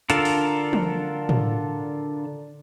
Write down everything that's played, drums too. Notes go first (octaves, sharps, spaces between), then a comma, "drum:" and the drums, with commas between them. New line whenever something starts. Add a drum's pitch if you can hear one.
D3 D4 F4 A4 A#4, drum: hi-hat
drum: open hi-hat
drum: tom
drum: tom